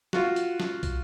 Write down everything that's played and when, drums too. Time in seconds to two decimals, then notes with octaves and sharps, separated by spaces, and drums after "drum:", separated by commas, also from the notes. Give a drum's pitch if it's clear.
0.13 F4 F#4, drum: snare
0.36 drum: hi-hat
0.60 drum: snare
0.83 drum: kick, hi-hat